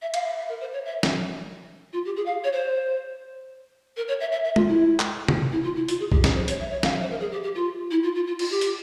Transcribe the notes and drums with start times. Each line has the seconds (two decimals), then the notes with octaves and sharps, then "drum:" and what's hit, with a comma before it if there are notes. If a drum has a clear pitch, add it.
0.02 E5
0.14 F5, drum: cymbal
0.25 E5
0.37 E5
0.49 A#4
0.61 C5
0.73 C#5
0.85 E5
1.03 drum: snare
1.93 F4
2.05 G4
2.17 G#4
2.26 F5
2.44 C#5
2.53 C5
3.97 A#4
4.08 C#5
4.20 E5
4.32 E5
4.44 E5
4.56 F4, drum: tom
4.68 E4
5.00 drum: clap
5.28 drum: tom
5.52 E4
5.63 F4
5.76 E4
5.88 F4, drum: hi-hat
6.00 G#4
6.12 G4, drum: kick B1
6.24 G#4, drum: snare
6.35 C5
6.48 C#5, drum: hi-hat
6.60 E5
6.71 C#5
6.83 F5, drum: snare
6.93 E5
7.02 C5
7.10 A#4
7.20 G#4
7.32 G4
7.43 G4
7.55 F4
7.91 E4
8.03 F4
8.15 F4
8.27 F4
8.39 F4, drum: cymbal
8.51 G4
8.61 drum: hi-hat